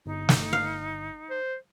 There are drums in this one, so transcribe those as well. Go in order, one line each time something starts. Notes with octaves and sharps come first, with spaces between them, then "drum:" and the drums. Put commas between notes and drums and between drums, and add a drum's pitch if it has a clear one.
G1 D#4
drum: snare
F5
C5